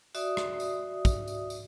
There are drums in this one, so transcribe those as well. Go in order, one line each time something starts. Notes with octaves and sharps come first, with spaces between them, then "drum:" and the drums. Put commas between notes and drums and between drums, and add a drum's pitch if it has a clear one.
F#4 D5 E5 D#6, drum: tambourine
drum: rim click
drum: tambourine
drum: kick, tambourine
drum: tambourine
drum: tambourine